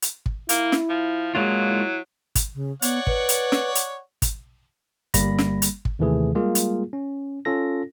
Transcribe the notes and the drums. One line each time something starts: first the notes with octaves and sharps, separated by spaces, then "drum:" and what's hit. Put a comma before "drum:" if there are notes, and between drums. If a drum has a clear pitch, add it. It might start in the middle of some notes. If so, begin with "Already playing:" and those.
drum: hi-hat
drum: kick
A#3 E4, drum: hi-hat
drum: snare
F3
F#3 G#3 A#3 F4
E4
drum: kick, hi-hat
C#3
B3 C#5 D5 F#5, drum: hi-hat
B4, drum: kick
drum: hi-hat
drum: snare
drum: hi-hat
drum: kick, hi-hat
G1 G3 A#3 B5 A#6, drum: kick, hi-hat
drum: snare
drum: hi-hat
drum: kick
D#2 C3 D#3 E3 A3 G#4
G3 G#3 A#3 F4 G#4
drum: hi-hat
C#4
C#4 F4 A4 A#6